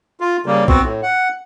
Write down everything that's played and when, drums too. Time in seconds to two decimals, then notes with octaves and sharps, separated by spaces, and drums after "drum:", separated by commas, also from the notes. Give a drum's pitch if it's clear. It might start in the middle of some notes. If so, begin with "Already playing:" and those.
0.20 F4
0.46 C#3 G3 A#3
0.68 B3 C4 F#4, drum: kick
0.83 A2
1.03 F#5